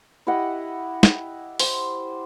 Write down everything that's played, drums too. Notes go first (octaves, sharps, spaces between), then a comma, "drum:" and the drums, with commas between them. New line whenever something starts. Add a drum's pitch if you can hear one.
E4 G4 D#5 F#5
drum: snare
C5 D6, drum: open hi-hat